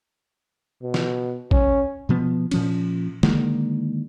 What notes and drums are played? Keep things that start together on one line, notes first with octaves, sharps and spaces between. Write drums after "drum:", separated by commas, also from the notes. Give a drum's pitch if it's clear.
B2
drum: snare
C#4, drum: kick A1
B2 F3 B3
A#2 F3 C#4, drum: cymbal
D3 D#3 G#3 A#3, drum: snare